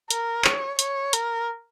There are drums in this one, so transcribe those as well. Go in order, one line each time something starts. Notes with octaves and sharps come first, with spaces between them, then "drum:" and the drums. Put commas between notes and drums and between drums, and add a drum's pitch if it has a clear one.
A#4, drum: hi-hat
C#5, drum: clap
C#5, drum: hi-hat
A#4, drum: hi-hat